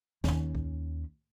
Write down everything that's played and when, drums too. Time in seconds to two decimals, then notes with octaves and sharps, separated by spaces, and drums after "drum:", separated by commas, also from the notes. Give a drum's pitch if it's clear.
0.24 D#2 C#4, drum: snare
0.55 drum: kick C2